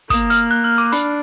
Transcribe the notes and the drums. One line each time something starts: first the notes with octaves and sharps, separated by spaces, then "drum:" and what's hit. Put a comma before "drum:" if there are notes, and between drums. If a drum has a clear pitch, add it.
A#3 D#6, drum: kick, hi-hat
F6, drum: hi-hat
F#6
F6
D6
D4 B5, drum: hi-hat